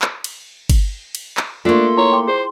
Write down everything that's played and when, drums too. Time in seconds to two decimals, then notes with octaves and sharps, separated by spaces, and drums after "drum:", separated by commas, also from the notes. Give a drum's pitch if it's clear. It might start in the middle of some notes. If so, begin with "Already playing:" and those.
0.02 drum: clap
0.24 drum: cymbal
0.70 drum: kick G1, cymbal
1.15 drum: cymbal
1.37 drum: clap
1.65 A3 A#3 D4 F4 C6 C#6
1.97 E4 C#5 A#5
2.12 G5 D6
2.27 G#4 C5